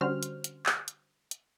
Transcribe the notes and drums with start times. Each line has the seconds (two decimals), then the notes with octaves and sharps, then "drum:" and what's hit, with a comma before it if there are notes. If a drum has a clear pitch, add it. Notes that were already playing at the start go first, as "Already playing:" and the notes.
0.01 D3 G3 C#4 F#4 C5 F6
0.23 drum: hi-hat
0.44 drum: hi-hat
0.66 drum: clap
0.88 drum: hi-hat
1.31 drum: hi-hat